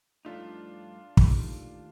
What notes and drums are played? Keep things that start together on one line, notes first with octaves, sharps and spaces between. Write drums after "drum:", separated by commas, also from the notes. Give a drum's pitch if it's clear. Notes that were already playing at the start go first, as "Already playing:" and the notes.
G2 F3 A3 D4 D#4 F4
D#2 D#3 A3, drum: kick